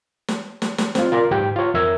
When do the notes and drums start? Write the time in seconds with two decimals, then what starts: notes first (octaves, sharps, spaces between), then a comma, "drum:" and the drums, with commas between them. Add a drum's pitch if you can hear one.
0.28 drum: snare
0.62 drum: snare
0.78 drum: snare
0.95 C4 F4, drum: snare
1.12 F4 A#4 D5 F5
1.31 G#2 G4 B4 G5
1.56 F4 C#5
1.74 F2 A#4 E5 E6 G#6